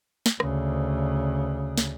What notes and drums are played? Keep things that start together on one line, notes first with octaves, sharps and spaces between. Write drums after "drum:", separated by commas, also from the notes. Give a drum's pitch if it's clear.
drum: snare
D2 C#3, drum: rim click
drum: snare